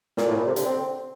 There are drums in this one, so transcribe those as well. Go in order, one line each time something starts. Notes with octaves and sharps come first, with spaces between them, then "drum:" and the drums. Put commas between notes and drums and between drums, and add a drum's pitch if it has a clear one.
A#2, drum: snare
A2
A#2
C3
D3, drum: hi-hat
C4